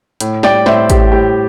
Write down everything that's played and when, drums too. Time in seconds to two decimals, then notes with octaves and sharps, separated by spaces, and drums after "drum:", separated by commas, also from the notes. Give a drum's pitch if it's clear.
0.20 A2, drum: hi-hat
0.43 G3 D5 G5, drum: snare
0.66 A2 C5 E5, drum: snare
0.90 A2 G4, drum: kick, hi-hat
1.12 A2 G4